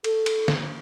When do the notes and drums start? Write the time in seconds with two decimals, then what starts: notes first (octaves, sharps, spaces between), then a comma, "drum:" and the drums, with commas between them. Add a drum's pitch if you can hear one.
0.04 A4, drum: cymbal
0.26 drum: cymbal
0.48 drum: snare